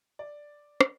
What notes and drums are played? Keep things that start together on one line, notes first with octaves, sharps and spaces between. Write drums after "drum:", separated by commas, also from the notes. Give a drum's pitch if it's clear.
D5
drum: rim click